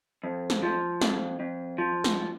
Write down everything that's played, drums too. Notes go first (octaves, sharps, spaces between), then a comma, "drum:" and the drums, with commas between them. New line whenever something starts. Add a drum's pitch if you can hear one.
F2
drum: snare
F3
F2, drum: snare
F2
F3
drum: snare